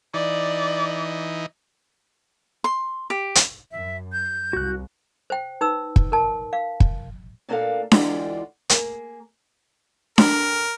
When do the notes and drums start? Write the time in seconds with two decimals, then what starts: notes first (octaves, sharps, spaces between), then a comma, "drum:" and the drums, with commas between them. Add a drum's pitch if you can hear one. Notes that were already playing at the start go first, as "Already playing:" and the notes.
0.14 E3 D#4 D5
2.64 C6
3.10 G4
3.35 drum: hi-hat
3.71 F#2 E5
4.12 G6
4.53 C2 F#4 F#6
5.30 C5 G5
5.61 D#4 B4 E6
5.96 drum: kick
6.12 A#4 A5
6.53 F5
6.80 drum: kick
7.49 A#2 A#3 D4 G#4 A4 F5
7.91 D3 E3 G#3 F4 F#4 D5, drum: snare D4
8.70 A#3 G#4, drum: hi-hat
10.18 A#4, drum: snare D4